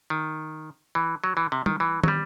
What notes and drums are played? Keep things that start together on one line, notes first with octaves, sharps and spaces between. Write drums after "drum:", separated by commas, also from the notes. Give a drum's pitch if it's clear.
D#3
E3
F#3
E3
C3
D#3, drum: tom G3
E3
F#3, drum: tom
G3